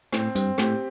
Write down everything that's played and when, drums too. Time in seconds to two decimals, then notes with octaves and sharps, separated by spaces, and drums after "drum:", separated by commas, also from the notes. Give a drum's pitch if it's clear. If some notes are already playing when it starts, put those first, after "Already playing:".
0.12 A2 C4, drum: rim click
0.35 G2 C4, drum: hi-hat
0.58 A2 G4, drum: rim click